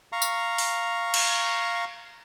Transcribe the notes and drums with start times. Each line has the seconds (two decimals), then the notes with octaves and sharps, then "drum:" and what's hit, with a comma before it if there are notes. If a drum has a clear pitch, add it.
0.12 F5 A#5 C#6
0.22 drum: tambourine
0.58 drum: open hi-hat
1.14 drum: cymbal